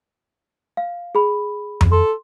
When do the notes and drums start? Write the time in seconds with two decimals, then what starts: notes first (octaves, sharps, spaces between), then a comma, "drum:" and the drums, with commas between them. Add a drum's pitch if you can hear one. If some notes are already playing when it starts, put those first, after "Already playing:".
0.77 F5
1.15 G#4 B5
1.81 drum: tom F2
1.92 A4 C6